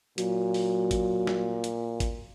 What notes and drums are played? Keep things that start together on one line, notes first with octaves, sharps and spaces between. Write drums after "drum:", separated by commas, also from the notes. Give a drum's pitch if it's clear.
A#2 F#3, drum: hi-hat
drum: open hi-hat
drum: kick G#1, hi-hat
drum: snare
drum: hi-hat
drum: kick G#1, hi-hat